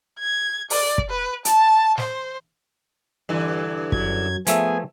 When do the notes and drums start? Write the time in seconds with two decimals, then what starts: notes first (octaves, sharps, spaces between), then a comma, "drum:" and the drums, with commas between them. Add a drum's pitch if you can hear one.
0.19 G#6
0.70 D5, drum: open hi-hat
0.98 drum: kick
1.09 B4
1.45 A5, drum: hi-hat
1.98 C5, drum: snare
3.29 G2 D3 E3
3.92 F#2 F#3 G#6, drum: kick
4.47 F3 A3 B3 G#4 E5 G#5, drum: hi-hat